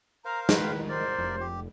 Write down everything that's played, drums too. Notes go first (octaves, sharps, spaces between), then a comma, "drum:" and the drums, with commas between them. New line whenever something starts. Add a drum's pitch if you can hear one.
A#4 C5 F5 A#5
D#3 B4, drum: snare
A#4 C5 D5
F1
G4